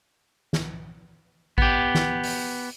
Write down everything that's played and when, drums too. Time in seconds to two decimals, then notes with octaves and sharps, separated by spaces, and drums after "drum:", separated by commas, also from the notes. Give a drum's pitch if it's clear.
0.53 drum: snare
1.58 B3 G4, drum: kick A1
1.95 drum: snare
2.24 drum: open hi-hat